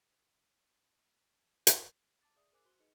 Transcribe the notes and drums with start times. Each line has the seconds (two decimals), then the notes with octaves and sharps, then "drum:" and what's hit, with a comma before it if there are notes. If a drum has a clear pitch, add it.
1.67 drum: hi-hat
2.21 A5 D6 A6
2.36 G#4 D5 E5 D#6
2.52 G#4 A#4 C5 G#5 D6 F#6
2.65 F#4 C5 C6 F#6 G7
2.79 D#4 G#4 B4 D#5 C#7